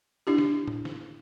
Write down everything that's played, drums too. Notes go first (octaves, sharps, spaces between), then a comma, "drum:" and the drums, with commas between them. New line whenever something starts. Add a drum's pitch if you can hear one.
D4 E4 G4
drum: snare
drum: tom A2
drum: snare